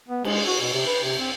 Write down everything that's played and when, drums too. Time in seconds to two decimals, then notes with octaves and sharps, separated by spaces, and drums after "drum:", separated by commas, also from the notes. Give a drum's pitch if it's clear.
0.08 B3
0.24 G#3, drum: cymbal
0.47 F#4
0.61 B2
0.73 C3
0.86 B4
1.03 C3
1.19 C4